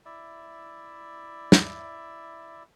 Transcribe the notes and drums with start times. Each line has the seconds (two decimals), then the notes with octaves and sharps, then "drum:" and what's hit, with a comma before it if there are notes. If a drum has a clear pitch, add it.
0.05 E4 D5 E5
1.52 drum: snare